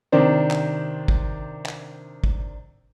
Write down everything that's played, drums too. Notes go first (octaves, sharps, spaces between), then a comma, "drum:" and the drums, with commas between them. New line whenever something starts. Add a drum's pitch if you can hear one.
C3 D#3 D4 C5
drum: clap
drum: kick
drum: clap
drum: kick